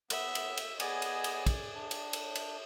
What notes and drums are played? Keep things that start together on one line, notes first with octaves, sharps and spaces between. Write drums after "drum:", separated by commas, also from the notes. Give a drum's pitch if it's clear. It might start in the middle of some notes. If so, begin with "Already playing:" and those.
B3 E5, drum: cymbal
drum: cymbal
drum: cymbal
B3 G#4 D5 D#5 G#5, drum: cymbal
drum: cymbal
drum: cymbal
drum: kick, cymbal
D4
drum: cymbal
drum: cymbal
drum: cymbal